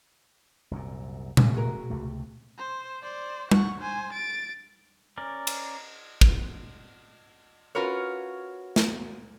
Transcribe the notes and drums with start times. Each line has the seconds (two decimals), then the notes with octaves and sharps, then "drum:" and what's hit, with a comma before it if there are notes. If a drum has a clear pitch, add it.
0.71 C2 F#2 A#2
1.37 F1 D3 G#3, drum: tom A#2
1.54 F#4 G#4 A#4
1.90 C#2 C3 A3
2.58 C5
3.02 C5 D5
3.51 F#5 C#6, drum: tom
3.80 C5 G#5
4.13 A6 D7
5.18 C#4 A#4 D5
5.47 drum: cymbal
6.21 drum: kick
7.75 C#4 F4 F#4 A#4 B4 C#5
8.76 drum: snare